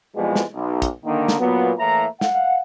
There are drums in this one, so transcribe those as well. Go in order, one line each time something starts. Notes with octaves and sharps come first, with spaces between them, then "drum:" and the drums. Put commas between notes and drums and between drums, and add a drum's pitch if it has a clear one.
F2 B2 E3 F3 G3 G#3
drum: snare
B1
drum: kick, hi-hat
D3 D#3 A#3
drum: snare
A#2 F#3 B3
A2 E3 A#3 E5 A#5
F5 F#5, drum: snare